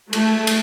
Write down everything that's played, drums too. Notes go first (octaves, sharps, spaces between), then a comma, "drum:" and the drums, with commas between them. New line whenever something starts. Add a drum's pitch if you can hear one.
A3, drum: cymbal
drum: cymbal